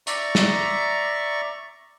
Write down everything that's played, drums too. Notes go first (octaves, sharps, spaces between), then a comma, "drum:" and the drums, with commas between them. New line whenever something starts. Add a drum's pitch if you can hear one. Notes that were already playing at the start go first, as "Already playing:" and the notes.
D5 E5 A#5 C#6, drum: hi-hat
drum: snare